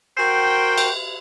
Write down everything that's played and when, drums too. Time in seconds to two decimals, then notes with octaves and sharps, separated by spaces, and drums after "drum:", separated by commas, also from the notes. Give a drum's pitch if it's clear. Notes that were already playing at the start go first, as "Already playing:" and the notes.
0.18 F#4 A#4 C5 G5
0.78 drum: cymbal